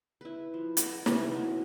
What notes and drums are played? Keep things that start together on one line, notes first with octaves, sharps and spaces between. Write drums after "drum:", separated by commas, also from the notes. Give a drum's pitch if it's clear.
E4 B4
F3
D#5 F#5 A5 B5, drum: hi-hat
C3 E3 D#4, drum: snare
F#3